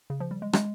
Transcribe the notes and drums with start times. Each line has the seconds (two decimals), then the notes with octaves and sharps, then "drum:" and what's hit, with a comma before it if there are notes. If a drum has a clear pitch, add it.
0.10 C#3
0.20 F3
0.31 G3
0.42 G#3
0.53 G#3, drum: rim click